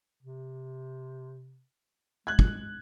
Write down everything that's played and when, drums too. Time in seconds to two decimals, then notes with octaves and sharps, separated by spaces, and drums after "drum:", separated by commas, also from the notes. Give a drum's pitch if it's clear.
0.23 C3
2.27 G#3 F#6 G#6
2.39 drum: kick